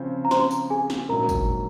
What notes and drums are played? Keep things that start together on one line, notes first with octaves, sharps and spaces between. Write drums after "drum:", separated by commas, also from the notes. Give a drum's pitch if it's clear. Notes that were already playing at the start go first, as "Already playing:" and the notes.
Already playing: C#3 F3 C4 F4
A#5
C5 C6, drum: snare
drum: tambourine
G#4 G#5
drum: snare
A#1 G#2 F#3 A#4 A#5
drum: kick, tambourine